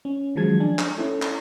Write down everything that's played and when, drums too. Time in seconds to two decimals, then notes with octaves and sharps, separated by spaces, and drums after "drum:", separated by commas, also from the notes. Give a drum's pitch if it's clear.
0.05 C#4
0.35 D#3 F3 F#3 G#3 A5 G#6
0.60 D4 G#5
0.79 drum: clap
0.98 C#4 D#4 E4 A4
1.22 drum: clap